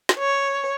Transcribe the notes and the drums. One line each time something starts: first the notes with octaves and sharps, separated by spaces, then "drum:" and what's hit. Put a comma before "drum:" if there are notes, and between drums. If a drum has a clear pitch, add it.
drum: snare
C#5